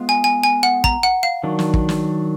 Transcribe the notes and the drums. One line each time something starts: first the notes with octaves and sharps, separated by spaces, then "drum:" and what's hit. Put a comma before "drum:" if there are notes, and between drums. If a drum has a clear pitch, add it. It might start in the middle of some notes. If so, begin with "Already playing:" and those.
Already playing: G#3 B3 F4
G#5
G#5
G#5
F#5
A#5, drum: kick
F#5
F5
D#3 F#3 D4
drum: snare
drum: kick
drum: snare